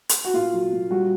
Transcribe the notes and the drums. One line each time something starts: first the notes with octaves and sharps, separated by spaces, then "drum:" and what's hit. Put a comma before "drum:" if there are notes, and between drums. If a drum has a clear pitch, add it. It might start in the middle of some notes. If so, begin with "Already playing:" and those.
drum: hi-hat
F#4
A#2 F4
F#3
A#2
G3 F#4